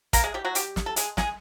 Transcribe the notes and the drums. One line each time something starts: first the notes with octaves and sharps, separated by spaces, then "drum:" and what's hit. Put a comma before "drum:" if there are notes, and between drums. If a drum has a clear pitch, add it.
A#3 A#4, drum: kick, hi-hat
G#3 G#4
G3 G4
F#3 F#4
G3 G4, drum: hi-hat
drum: snare
A4
G#3 G#4, drum: hi-hat
G#3 G#4, drum: snare